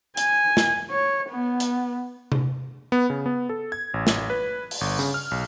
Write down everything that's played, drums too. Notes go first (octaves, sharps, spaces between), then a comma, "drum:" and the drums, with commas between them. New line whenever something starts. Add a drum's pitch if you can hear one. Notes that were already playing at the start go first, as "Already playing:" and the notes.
G#5, drum: hi-hat
drum: snare
C#5
B3
drum: hi-hat
drum: tom C3
B3
C#3
B3
A4
G#6
A1
drum: snare
B4
drum: open hi-hat
G1
C#3, drum: tambourine
F6
B1